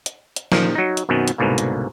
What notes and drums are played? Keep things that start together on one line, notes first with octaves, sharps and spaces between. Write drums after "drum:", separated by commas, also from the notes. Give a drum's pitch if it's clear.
drum: hi-hat
drum: hi-hat
A#2 D#3 F3 G3, drum: snare
F#3 D#4
drum: hi-hat
F#2 B2 D#3 B3 C4
drum: hi-hat
C2 G#2 B2 D3 A#3
drum: hi-hat